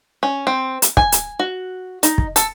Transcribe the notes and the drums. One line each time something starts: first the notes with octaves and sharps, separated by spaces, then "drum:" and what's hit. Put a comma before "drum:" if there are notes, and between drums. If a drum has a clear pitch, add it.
C#4
C4
drum: hi-hat
G#5, drum: kick
drum: hi-hat
F#4
D#4, drum: hi-hat
drum: kick
A4, drum: hi-hat